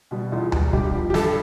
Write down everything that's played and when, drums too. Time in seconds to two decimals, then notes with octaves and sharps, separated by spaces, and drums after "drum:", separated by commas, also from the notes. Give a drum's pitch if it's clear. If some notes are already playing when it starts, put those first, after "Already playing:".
0.11 B2 G3
0.32 E2 F4
0.52 B2 G3, drum: tom D2
0.73 G2 G4, drum: kick
0.93 F3
1.10 G4
1.14 G2 A4, drum: snare